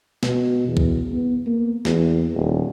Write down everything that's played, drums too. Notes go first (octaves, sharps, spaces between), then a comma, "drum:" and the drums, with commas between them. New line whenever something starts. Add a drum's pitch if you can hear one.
B2, drum: snare
E2
drum: kick C2
B3
A#3
E2, drum: snare
D#1